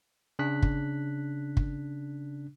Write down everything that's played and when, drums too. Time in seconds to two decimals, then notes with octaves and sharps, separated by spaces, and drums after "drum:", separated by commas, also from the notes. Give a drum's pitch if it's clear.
0.39 C#3 D4 F#6 B6
0.62 drum: kick
1.57 drum: kick